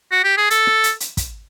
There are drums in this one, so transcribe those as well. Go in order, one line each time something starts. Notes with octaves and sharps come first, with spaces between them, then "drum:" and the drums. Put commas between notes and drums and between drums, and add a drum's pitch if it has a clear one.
F#4
G4
G#4
A4, drum: hi-hat
drum: rim click
drum: hi-hat
drum: hi-hat
drum: kick, hi-hat